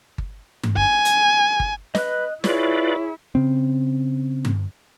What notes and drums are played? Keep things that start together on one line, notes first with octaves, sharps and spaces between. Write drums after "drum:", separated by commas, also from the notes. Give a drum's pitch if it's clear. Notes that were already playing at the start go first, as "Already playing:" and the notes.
drum: kick G1
drum: tom G2
G#5, drum: kick G1
drum: hi-hat
drum: kick G1
B4 D#5 F#6, drum: snare
E4 F4 G#4 B4 C#5 D5, drum: snare
C#3 C4
drum: tom G2